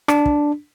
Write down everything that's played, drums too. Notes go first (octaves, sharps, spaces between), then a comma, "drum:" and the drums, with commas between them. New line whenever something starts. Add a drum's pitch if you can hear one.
D4, drum: rim click
drum: kick